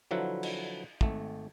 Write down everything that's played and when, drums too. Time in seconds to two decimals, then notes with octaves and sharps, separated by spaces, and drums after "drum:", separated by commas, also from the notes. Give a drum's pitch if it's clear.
0.11 D3 F3 F#3 E4 B4
0.43 drum: cymbal
1.01 G#1 A3, drum: kick